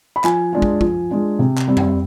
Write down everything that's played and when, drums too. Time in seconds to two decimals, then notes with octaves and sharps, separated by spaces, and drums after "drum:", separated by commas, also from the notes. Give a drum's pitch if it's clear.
0.16 B5
0.24 F3 G#5, drum: clap
0.53 G#3 D4 F4
0.62 drum: kick
0.81 F3, drum: kick
1.11 G#3 D4 F4
1.39 C3
1.58 drum: clap
1.68 G3 C4
1.77 drum: tom F2